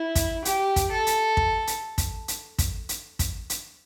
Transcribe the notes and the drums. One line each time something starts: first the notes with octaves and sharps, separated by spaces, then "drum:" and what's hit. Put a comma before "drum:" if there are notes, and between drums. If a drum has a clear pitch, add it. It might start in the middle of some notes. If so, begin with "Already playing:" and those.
Already playing: E4
drum: kick, hi-hat
G4, drum: hi-hat
drum: kick, hi-hat
A4
drum: hi-hat
drum: kick
drum: hi-hat
drum: kick, hi-hat
drum: hi-hat
drum: kick, hi-hat
drum: hi-hat
drum: kick, hi-hat
drum: hi-hat